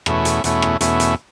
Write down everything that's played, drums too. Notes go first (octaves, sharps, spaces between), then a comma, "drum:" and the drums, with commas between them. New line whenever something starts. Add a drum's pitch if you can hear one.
E2 B2 A3 C#4 E4, drum: rim click
drum: hi-hat
E2 B2 A3 C#4 E4, drum: hi-hat
drum: rim click
E2 B2 A3 C#4 E4, drum: hi-hat
drum: hi-hat